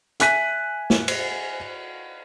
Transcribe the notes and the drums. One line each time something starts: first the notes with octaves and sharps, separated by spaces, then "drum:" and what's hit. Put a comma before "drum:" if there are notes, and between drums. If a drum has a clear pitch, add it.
E5 G#5 F#6 B6 D#7, drum: hi-hat
drum: snare
drum: cymbal